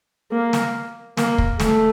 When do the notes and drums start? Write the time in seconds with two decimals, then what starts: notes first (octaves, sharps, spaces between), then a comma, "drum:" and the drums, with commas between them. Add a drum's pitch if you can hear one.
0.32 A#3
0.53 drum: snare
1.17 A#3, drum: snare
1.38 drum: kick
1.60 A3, drum: snare